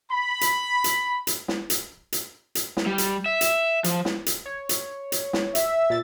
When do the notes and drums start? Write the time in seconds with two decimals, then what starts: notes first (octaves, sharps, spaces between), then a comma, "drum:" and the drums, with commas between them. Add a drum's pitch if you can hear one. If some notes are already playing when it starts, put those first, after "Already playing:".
0.11 B5
0.41 drum: hi-hat
0.84 drum: hi-hat
1.27 drum: hi-hat
1.48 drum: snare
1.70 drum: hi-hat
2.12 drum: hi-hat
2.55 drum: hi-hat
2.77 drum: snare
2.86 G3
2.98 drum: hi-hat
3.26 E5
3.41 drum: hi-hat
3.84 F3, drum: hi-hat
4.05 drum: snare
4.26 drum: hi-hat
4.46 C#5
4.69 drum: hi-hat
5.12 drum: hi-hat
5.33 drum: snare
5.55 E5, drum: hi-hat
5.90 A#2 A6